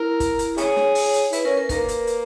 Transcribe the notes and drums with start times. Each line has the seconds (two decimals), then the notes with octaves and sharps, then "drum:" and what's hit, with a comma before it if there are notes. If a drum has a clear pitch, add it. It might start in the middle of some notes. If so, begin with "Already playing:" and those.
Already playing: E4 A#4
0.20 drum: kick, hi-hat
0.39 drum: hi-hat
0.58 C#4 E4 G#4 C#5, drum: hi-hat
0.76 drum: snare
0.95 drum: open hi-hat
1.14 drum: hi-hat
1.33 E4 B4, drum: hi-hat
1.45 C#4 A#4
1.57 A#4
1.69 D#3 A#3 A#4, drum: kick, hi-hat
1.88 drum: hi-hat
2.07 drum: hi-hat